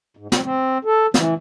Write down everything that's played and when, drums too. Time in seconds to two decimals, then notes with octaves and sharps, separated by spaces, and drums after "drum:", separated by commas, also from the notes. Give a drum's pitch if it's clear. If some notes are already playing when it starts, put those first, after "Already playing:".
0.17 G#2
0.32 C4, drum: snare
0.44 C4
0.85 A4
1.14 E3, drum: snare